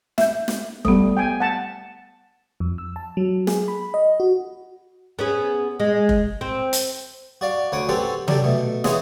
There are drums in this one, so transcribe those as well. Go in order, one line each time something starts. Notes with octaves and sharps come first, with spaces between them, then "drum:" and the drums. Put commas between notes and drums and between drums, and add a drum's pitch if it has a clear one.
E5 G6, drum: snare
drum: snare
G3 A3 B3 D#6, drum: kick F1
G5 G#5
F#5 A5
F2
E6
A5
F#3
G#4, drum: snare
B5
D#5
F#4
B3 C#4 G#4
G#3
drum: kick F1
C4
drum: hi-hat
F#4 D5 F5
D2 C#5 F#5 D6 D#6
C4 C#4 F#4 G4 A4 B4
F#3 D4 G4 A4, drum: tom
B2 A3
C#3 E3 G#3 B3 C#4 G#4, drum: snare